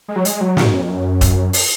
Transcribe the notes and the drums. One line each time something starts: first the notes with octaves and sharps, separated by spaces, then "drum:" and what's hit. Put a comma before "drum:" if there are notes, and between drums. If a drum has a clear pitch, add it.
G#3
F#3
G#3, drum: hi-hat
F#3
A#2, drum: snare
G#2
F#2
F2
F#2
drum: kick D#1, hi-hat
drum: open hi-hat